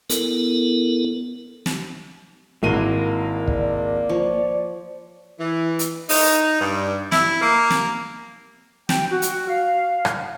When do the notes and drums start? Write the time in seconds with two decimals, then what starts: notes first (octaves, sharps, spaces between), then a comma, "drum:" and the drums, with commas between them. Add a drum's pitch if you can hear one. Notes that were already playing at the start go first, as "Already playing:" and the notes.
0.10 B3 E4 A4 A#4, drum: hi-hat
1.66 drum: snare
2.63 G#1 A#3 E4 F#4 C6 D#7
3.48 D5, drum: kick
4.09 F3 C#5
5.38 E3
5.79 drum: hi-hat
6.09 D#4, drum: open hi-hat
6.61 G2
7.12 E4, drum: snare
7.41 A#3
7.70 drum: snare
8.89 G5, drum: snare
9.10 F#4
9.22 drum: hi-hat
9.48 F5
10.05 drum: rim click